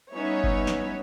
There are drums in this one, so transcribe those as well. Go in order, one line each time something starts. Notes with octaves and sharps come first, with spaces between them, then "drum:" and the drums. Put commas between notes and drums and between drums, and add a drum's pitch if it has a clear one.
G3 B3 C#4 D#4 C#5 E5
drum: kick G1
drum: snare